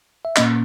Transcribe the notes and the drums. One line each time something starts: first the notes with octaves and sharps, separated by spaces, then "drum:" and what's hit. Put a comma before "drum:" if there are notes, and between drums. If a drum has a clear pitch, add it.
E5
A#2 A#3 C#4 D#5, drum: clap